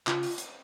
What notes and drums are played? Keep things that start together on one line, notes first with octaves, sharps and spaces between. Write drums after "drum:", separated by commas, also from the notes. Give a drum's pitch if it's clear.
C#3 F4, drum: clap
drum: open hi-hat
drum: hi-hat